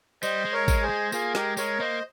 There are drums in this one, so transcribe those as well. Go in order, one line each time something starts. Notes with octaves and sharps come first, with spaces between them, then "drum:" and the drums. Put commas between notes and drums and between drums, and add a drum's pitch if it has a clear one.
G3 C5 D#5, drum: tambourine
G#3
A#4 C#5
G#3, drum: kick A1, tambourine
G#4 C5
G#3
A#3 F4 G#4, drum: tambourine
G#3 G4 A#4, drum: snare
G#3 A#4 C#5, drum: tambourine
A#3 C5 D#5